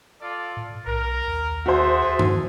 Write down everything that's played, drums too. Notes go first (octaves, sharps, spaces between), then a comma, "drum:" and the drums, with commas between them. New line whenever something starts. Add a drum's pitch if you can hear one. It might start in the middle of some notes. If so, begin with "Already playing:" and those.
F4 A4 D5
A2
B1 A#4
D#2
F#4 G#4 A4 C5 E5
drum: tom G2